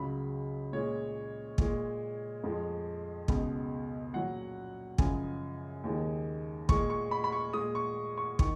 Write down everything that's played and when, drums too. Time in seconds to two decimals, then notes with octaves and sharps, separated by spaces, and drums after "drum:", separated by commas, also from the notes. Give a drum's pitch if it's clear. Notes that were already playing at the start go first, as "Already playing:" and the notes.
Already playing: C#2 C#3 F#3 B5
0.73 A#2 G#3 C#5
1.58 A#2 G#3, drum: kick
2.44 F2 F3 G#3
3.28 C#2 B2 G#3, drum: kick
4.13 A#2 F#3 F#5
4.98 F#2 C#3 F3 G#3 G#5, drum: kick
5.84 D#2 D#3 G#3
6.69 A#2 G#3 C#6, drum: kick
6.90 C#6
7.11 B5
7.24 B5
7.32 C#6
7.53 A#2 G#3 D#6
7.75 C#6
8.18 C#6
8.39 D#3 C#6, drum: kick